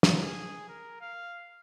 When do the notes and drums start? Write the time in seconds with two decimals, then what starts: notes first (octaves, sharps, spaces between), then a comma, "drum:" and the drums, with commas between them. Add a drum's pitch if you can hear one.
0.03 drum: snare
0.22 G#4
0.69 A#4
1.01 F5